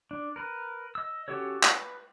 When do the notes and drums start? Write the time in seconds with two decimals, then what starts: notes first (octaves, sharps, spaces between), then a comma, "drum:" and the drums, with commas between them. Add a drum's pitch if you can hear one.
0.11 D4
0.36 A#4 B4
0.95 D#5 E6
1.28 C#4 F#4 G4 A4 C#5
1.63 B4, drum: clap